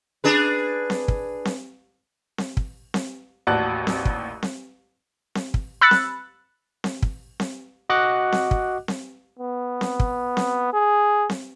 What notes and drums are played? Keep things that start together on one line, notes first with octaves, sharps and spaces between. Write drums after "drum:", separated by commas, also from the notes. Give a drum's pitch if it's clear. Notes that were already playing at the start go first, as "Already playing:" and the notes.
D4 G#4 B4
drum: snare C4
drum: kick
drum: snare C4
drum: snare C4
drum: kick
drum: snare C4
A1 D#2 F#4 D5 A5 F#6
drum: snare C4
drum: kick
drum: snare C4
drum: snare C4
drum: kick
B5 E6 F#6 A6 C#7
drum: snare C4
drum: snare C4
drum: kick
drum: snare C4
F#4 D#5 F#5 D6 F#6
drum: snare C4
drum: kick
drum: snare C4
B3
drum: snare C4
drum: kick
drum: snare C4
G#4
drum: snare C4